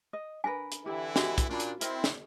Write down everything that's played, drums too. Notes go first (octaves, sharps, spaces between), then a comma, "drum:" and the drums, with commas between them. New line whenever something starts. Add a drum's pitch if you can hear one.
D#5
D4 A#4 B4 G#5
drum: hi-hat
D3 E3 E4 G4
F#4 G4 D#5 G#5, drum: snare
drum: kick, hi-hat
A#2 C#4 D4 F4 B5
drum: hi-hat
C4 E4 A#4 D#5, drum: hi-hat
drum: snare